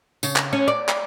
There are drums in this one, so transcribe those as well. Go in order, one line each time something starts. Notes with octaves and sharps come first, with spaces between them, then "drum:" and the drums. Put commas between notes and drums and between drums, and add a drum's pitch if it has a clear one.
C#3, drum: tambourine
drum: clap
C#4
D5
drum: clap